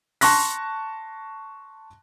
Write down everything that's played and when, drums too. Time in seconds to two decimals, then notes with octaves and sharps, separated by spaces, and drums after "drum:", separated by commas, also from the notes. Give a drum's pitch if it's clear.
0.21 A5 C6 C#6 F#6 A#6, drum: open hi-hat